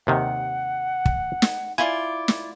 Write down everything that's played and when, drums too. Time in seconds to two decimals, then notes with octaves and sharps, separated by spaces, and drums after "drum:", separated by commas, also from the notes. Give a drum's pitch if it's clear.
0.07 D#2 C3 D#3 F#5
1.06 drum: kick
1.42 drum: snare
1.78 E4 F4 D5 G#5
2.28 drum: snare